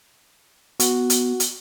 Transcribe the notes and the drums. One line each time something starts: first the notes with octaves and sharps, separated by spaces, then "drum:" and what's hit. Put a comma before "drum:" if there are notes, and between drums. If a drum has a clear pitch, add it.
B3 F#4, drum: hi-hat
drum: hi-hat
drum: hi-hat